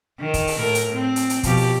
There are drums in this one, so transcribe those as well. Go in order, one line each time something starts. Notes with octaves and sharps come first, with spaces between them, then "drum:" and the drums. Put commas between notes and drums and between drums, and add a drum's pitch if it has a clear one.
D#3
drum: kick, hi-hat
drum: open hi-hat
A2 A#4
drum: hi-hat
C4
drum: hi-hat
drum: hi-hat
B2 F3 G4, drum: kick, hi-hat
drum: open hi-hat